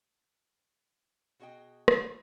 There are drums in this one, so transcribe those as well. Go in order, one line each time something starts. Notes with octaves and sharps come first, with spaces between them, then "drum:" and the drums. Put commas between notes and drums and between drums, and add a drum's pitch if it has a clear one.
B2 F#4 G#4 D#5 E5 G5
drum: rim click